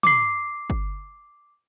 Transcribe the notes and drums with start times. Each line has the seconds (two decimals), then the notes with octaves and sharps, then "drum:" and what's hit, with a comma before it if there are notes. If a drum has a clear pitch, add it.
0.03 D6 C7, drum: tom
0.70 drum: kick G1